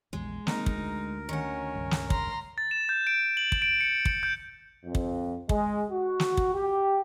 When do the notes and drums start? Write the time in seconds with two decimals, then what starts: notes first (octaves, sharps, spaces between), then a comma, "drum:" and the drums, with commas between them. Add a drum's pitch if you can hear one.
0.13 A#1 E2 G#3
0.47 A#3 C4 D#4 A#4, drum: snare
0.66 drum: kick
0.76 D2
1.29 D#3 C#4 F#5
1.75 C#2 G2
1.91 drum: snare
2.10 A#5 C6, drum: kick
2.58 A6
2.71 E7
2.89 G6
3.07 D7
3.37 F#7
3.52 drum: kick
3.62 D7
3.80 C#7
4.05 drum: kick
4.23 G6
4.85 F2
4.95 drum: kick
5.49 G#3, drum: kick
5.91 F#4
6.20 drum: snare
6.37 drum: kick
6.54 G4